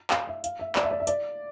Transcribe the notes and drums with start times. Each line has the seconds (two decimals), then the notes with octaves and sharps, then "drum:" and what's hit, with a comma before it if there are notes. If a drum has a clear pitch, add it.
0.11 F5, drum: clap
0.27 E5
0.44 F5, drum: hi-hat
0.59 E5
0.76 D5, drum: clap
0.83 E5
0.91 D5
1.00 E5
1.07 D5, drum: hi-hat